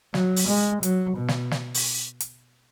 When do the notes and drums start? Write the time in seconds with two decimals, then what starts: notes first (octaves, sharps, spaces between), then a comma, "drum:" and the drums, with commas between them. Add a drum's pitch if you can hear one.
0.14 F#3, drum: snare
0.36 drum: open hi-hat
0.48 G#3
0.83 F#3, drum: hi-hat
1.17 B2
1.28 drum: snare
1.51 drum: snare
1.74 drum: open hi-hat
2.20 drum: hi-hat